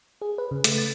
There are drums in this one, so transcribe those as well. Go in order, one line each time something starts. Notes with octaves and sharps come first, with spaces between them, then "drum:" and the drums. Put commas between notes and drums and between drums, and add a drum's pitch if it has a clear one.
G#4
B4
C#3
A3, drum: hi-hat
A6